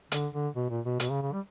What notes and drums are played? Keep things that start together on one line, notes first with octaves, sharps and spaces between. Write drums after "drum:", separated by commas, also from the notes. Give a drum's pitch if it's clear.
D3, drum: hi-hat
D3
B2
A#2
B2
B2, drum: hi-hat
C#3
C#3
G3